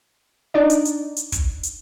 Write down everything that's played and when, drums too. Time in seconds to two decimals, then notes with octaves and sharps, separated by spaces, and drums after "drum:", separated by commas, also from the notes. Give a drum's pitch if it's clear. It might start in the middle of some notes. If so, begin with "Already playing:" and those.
0.54 D4 D#4 D5 D#5
0.70 drum: hi-hat
0.85 drum: hi-hat
1.17 drum: hi-hat
1.32 drum: kick, hi-hat
1.64 drum: hi-hat